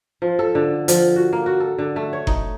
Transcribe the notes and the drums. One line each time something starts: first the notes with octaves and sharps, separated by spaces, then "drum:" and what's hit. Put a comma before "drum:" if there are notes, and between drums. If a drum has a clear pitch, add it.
F3
A4
D3
F3, drum: hi-hat
F#4
A#3
F#4
A4
D3
A3
C#5
D#4, drum: kick F#1